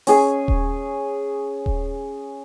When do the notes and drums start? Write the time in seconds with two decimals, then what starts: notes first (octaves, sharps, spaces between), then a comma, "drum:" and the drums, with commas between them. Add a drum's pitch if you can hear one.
0.07 C#4 G#4 G#5, drum: open hi-hat
0.48 drum: kick D#1
1.66 drum: kick D#1